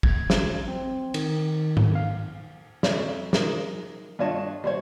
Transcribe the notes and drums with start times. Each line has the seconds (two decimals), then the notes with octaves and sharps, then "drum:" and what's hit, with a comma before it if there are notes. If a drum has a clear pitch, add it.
0.03 G#6, drum: kick
0.30 drum: snare
0.68 C4
1.14 D#3, drum: cymbal
1.77 drum: tom G#2
1.95 F5
2.83 F2 C#5 E5, drum: snare
3.33 D#4 G#4 A#4, drum: snare
4.19 G2 D4 F4 C#5 D#5 A5
4.64 G3 C5 C#5